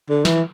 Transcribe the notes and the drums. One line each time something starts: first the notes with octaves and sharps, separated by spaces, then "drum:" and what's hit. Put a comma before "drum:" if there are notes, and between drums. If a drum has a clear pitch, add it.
D3
E3, drum: snare